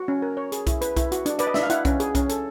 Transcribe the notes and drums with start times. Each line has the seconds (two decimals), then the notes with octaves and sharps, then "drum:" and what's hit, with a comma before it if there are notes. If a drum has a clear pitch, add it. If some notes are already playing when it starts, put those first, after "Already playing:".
Already playing: F#4
0.08 C#4
0.22 A#4
0.37 C#5
0.52 G#4, drum: hi-hat
0.67 E4, drum: kick B1, hi-hat
0.81 B4, drum: hi-hat
0.97 E4, drum: kick B1, hi-hat
1.12 F#4, drum: hi-hat
1.26 D4, drum: hi-hat
1.39 B4 D5, drum: hi-hat
1.47 D#5
1.54 D4 E5, drum: snare
1.63 F5
1.70 E4 F#5, drum: hi-hat
1.85 C#4, drum: kick B1, hi-hat
2.00 G#4, drum: hi-hat
2.15 C#4, drum: kick B1, hi-hat
2.29 A4, drum: hi-hat